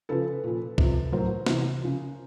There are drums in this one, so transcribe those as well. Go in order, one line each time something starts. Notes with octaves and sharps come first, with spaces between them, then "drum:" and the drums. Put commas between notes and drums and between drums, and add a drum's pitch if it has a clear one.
C#3 F3 A4 B4
A#2 F3
C3 F3, drum: kick C2
A2 F#3 A#4 C5
C3 E3, drum: snare
C#3 F3